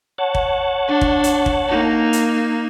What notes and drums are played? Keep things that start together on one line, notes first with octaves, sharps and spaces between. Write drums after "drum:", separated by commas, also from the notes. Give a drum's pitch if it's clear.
C#5 F#5 A5
drum: kick
D4
drum: kick
drum: hi-hat
drum: kick
A#3 D#4
drum: hi-hat